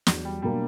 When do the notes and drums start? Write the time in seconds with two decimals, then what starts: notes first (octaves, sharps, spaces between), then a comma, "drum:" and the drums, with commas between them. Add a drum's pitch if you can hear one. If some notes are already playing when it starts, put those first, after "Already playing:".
0.07 E2 F#3, drum: snare
0.25 G3
0.42 B2 F#3 G3 A#3 D4